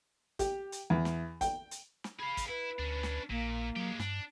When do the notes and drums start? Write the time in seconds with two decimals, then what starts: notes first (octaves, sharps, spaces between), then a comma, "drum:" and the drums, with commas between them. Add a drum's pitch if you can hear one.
0.39 G4, drum: kick, hi-hat
0.72 drum: hi-hat
0.90 E2
1.05 drum: snare
1.41 G5, drum: kick, hi-hat
1.71 drum: hi-hat
2.04 drum: snare
2.20 G#4 F5 B5
2.37 drum: kick, hi-hat
2.48 E4 B4
2.79 D2 C#4 D4
3.03 drum: snare
3.30 A#1 A#2 A#3
3.76 F#3 G#3 G4
3.99 G2 D4, drum: snare